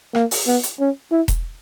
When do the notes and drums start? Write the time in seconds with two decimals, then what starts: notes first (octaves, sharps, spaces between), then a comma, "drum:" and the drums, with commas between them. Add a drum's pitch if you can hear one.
0.15 A#3, drum: rim click
0.31 drum: open hi-hat
0.47 B3
0.63 drum: hi-hat
0.80 C#4
1.12 E4
1.28 drum: kick E1, hi-hat